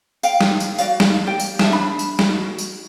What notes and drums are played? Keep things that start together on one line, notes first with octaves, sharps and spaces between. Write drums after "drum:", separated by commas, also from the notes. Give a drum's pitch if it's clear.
F5 G5, drum: tambourine
drum: snare
drum: tambourine
F#4 D5 F5, drum: tambourine
drum: snare
G4 D5 G5
drum: tambourine
E5 A5, drum: snare
D4 B5
drum: tambourine
drum: snare
F#4
drum: tambourine